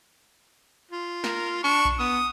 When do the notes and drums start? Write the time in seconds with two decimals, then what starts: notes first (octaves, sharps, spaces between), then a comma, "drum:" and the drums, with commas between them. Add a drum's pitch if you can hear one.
0.91 F4
1.24 A#4, drum: snare
1.63 D4 C#6
1.85 drum: kick A#1
1.99 B3 D#6